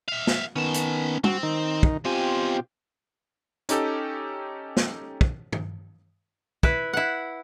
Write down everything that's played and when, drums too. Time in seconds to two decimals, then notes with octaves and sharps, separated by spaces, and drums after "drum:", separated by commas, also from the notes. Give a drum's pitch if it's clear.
0.08 E5 F5
0.27 drum: snare
0.56 D#3 B3 C#4 A5
0.74 drum: hi-hat
1.24 C4 F#4, drum: tom
1.43 D#3 D#4
1.83 drum: kick
2.05 B2 C4 F4 G4 G#5
3.69 C#4 D#4 G4 A4, drum: hi-hat
4.77 drum: snare
5.21 drum: kick
5.52 drum: tom
6.63 E4 B4, drum: kick
6.93 E4 F#5